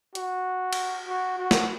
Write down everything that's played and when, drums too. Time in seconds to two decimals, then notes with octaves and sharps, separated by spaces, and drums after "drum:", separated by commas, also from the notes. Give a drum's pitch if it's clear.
0.15 F#4, drum: hi-hat
0.73 drum: cymbal
1.08 F#4
1.39 F#4
1.51 drum: snare